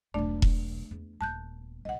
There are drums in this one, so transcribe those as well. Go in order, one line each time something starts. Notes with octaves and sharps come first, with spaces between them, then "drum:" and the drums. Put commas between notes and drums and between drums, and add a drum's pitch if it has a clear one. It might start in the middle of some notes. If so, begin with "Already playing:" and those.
E1 B1 A3 D4 D5
drum: kick E1
E2
D#1 B3 A5 F#6 G6
B1 D#5 F#5